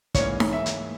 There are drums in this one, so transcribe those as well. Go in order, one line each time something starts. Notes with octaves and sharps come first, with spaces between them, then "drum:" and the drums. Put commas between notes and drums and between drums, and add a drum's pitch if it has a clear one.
G#2 E3 A#3 C#4 C#5, drum: kick, hi-hat
drum: snare D#4
E5
drum: hi-hat